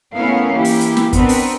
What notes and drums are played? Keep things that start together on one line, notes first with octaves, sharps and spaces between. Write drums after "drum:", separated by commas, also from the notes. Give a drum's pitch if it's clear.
A3 B3 C#4 E4 A#4 F5
E3 A#3 E4 G4
drum: open hi-hat
drum: hi-hat
drum: snare
B3 C4 D4 A#4 B4, drum: kick, hi-hat
drum: open hi-hat